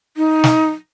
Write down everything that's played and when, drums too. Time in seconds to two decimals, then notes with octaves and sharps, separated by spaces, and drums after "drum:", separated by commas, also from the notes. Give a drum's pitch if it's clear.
0.17 D#4
0.44 drum: snare